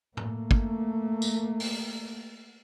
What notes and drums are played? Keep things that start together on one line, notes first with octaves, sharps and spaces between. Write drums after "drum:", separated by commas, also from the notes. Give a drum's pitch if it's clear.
A3 A#3, drum: tom
drum: kick
drum: tambourine
drum: open hi-hat